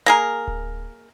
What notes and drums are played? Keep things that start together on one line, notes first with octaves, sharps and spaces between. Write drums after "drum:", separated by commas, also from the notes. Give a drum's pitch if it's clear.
A#3 G#4 A#4
drum: kick D1